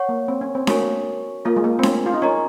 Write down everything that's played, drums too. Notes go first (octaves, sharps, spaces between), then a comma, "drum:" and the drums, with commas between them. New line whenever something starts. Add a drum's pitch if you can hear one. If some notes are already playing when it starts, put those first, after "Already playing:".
Already playing: C#5 F#5 C#6
A#3
C4
C#4
C4
A#3 F#4 A#4 C#5 G#5 C#6, drum: snare D4
A#3 F4 A#4 F5
G#3
A#3
C4
C#4, drum: snare D4
F4
D#4
C#4 A#4 D#5 A#5 C#6